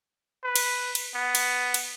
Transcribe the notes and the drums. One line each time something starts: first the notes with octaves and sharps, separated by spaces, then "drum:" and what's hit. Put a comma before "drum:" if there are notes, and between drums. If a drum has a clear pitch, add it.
B4
drum: cymbal
drum: cymbal
B3
drum: cymbal
drum: cymbal